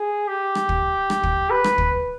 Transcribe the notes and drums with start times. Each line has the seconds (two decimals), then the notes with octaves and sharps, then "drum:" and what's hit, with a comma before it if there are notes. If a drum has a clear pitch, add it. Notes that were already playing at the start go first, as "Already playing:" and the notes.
Already playing: G#4
0.28 G4
0.55 drum: rim click
0.69 drum: kick
1.10 drum: rim click
1.23 drum: kick
1.51 B4
1.64 drum: rim click
1.78 drum: kick